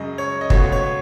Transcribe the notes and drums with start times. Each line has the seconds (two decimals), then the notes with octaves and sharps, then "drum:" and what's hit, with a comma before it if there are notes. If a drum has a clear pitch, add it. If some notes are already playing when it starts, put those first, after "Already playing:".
Already playing: F#2 C#3 G#3 D#5
0.18 C#5
0.41 D#5
0.50 C#2 B2 A3 C#5, drum: kick
0.72 C#5